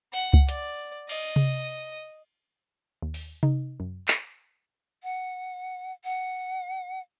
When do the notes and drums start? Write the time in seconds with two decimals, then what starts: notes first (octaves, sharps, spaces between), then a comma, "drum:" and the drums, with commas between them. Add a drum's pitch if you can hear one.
0.13 F#5, drum: open hi-hat
0.33 drum: kick C#2
0.49 D5, drum: hi-hat
1.09 D#5, drum: cymbal
1.36 drum: tom C3
3.03 D#2
3.14 drum: open hi-hat
3.43 D#4, drum: tom C3
3.80 F#2
4.08 drum: clap
5.03 F#5
6.04 F#5